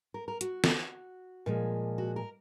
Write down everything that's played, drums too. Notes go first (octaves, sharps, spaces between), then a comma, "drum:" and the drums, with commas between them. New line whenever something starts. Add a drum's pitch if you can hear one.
A#4
A#4
F#4, drum: hi-hat
drum: snare
A#2 F3 G#3
F#4
A#4